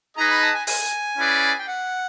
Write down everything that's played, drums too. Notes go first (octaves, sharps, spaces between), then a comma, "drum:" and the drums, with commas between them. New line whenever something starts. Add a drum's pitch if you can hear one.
D#4 G#4 B4 D#5 A#5
B5
A5
G#5
G#5, drum: open hi-hat
C#4 E4 G#4 B4 D5
G5
F#5